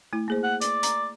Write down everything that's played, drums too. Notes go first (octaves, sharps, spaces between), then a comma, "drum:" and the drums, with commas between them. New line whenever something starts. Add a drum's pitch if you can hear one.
A3 E4
A#3 G#4 C5
F#5
D5, drum: hi-hat
A#5, drum: hi-hat